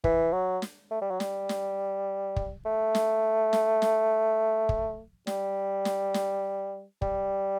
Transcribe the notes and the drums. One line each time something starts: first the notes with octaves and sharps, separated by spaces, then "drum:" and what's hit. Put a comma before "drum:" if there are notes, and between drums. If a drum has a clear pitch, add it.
E3, drum: kick
F#3
drum: snare
A3
G3
F#3
G3, drum: snare
drum: snare
drum: kick
A3
drum: snare
drum: snare
drum: snare
drum: kick
G3, drum: snare
drum: snare
drum: snare
G3, drum: kick